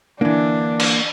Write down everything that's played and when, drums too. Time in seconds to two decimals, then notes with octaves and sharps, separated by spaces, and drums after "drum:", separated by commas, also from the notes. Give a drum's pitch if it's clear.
0.21 D3 E3 A#3 D4
0.80 drum: cymbal